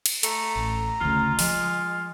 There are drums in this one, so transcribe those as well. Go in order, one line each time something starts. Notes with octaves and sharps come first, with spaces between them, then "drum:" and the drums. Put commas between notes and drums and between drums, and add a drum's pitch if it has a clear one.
drum: cymbal
A3 A#5, drum: hi-hat
A1
D2 C#3 F4
F3 G#3, drum: open hi-hat